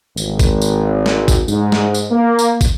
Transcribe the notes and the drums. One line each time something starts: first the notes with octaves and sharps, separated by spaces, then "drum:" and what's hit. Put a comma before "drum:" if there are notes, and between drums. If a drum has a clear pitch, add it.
G#1, drum: tambourine
drum: kick, tambourine
drum: tambourine
drum: snare
drum: kick, tambourine
G#2, drum: tambourine
drum: snare
drum: tambourine
A#3
drum: tambourine
drum: kick, tambourine